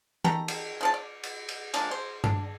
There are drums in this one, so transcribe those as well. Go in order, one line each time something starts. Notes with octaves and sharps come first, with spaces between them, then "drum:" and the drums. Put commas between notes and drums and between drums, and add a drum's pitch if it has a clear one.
D#3 G4 A4 A#5, drum: tom E3
drum: cymbal
C#3 F3 A5
D5
drum: cymbal
drum: cymbal
F3 G#3 A#3 D4, drum: cymbal
C5
D4, drum: tom G2